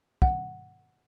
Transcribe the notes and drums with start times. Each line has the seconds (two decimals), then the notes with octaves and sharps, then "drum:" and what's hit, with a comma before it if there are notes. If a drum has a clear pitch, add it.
0.22 F#5, drum: kick